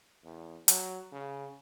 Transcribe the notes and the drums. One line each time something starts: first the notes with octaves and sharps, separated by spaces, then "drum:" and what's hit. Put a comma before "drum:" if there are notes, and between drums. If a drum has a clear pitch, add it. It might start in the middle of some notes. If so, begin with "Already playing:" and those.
E2
F#3, drum: hi-hat
C#3